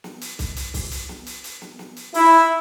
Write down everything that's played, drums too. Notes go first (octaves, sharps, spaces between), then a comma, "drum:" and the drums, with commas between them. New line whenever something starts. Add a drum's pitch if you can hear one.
drum: snare
drum: hi-hat
drum: kick C2, hi-hat
drum: hi-hat
drum: kick C2, open hi-hat
drum: hi-hat
drum: snare
drum: hi-hat
drum: hi-hat
drum: snare
drum: snare
drum: hi-hat
E4, drum: open hi-hat